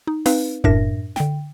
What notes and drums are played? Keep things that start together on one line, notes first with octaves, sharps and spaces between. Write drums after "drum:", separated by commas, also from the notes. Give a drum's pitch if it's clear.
D#4
C4 D#4 B4 F5, drum: open hi-hat
F#2 A2 D4 A#4 E5 A#6, drum: kick F1
D3 G5, drum: snare